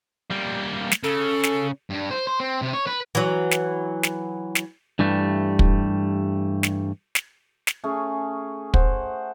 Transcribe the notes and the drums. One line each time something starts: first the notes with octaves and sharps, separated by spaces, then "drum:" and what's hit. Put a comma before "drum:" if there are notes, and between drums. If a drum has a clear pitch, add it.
G3 A#3
drum: snare
C#3 A4
drum: snare
G2
C5
C5
C4
C3
C#5
B4
E3 F#3
drum: snare
drum: snare
drum: snare
G2 E3 G3 A3
drum: kick
drum: snare
drum: snare
drum: snare
A3 C#4 G#4 G#5
C5 F#5, drum: kick